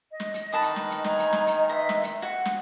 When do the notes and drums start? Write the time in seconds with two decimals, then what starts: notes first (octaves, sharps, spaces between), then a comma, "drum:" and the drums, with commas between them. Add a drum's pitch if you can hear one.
0.10 D#5
0.20 drum: snare
0.34 drum: hi-hat
0.52 D#3 B4 A5 D#6
0.62 drum: hi-hat
0.76 drum: snare
0.90 drum: hi-hat
1.04 D#5 G#5 A#5, drum: snare
1.18 drum: hi-hat
1.33 drum: snare
1.47 drum: hi-hat
1.70 B4 E5 A#5 C6
1.89 drum: snare
2.03 drum: hi-hat
2.22 F#4 F#5
2.45 drum: snare